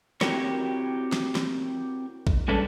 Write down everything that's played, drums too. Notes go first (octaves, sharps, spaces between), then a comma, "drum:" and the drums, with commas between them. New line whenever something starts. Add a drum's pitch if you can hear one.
C4 E4 F#4 G4 A#4 C#5, drum: snare
drum: snare
drum: snare
drum: kick A1
G3 G#3 C#4 D4 A4 B4